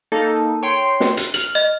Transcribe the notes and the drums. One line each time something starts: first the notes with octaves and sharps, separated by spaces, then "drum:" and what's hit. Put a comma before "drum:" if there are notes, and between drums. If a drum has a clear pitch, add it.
A#3 D#4 A4
C#5 G5 C6
drum: snare
drum: hi-hat
F6 F#7, drum: hi-hat
D#5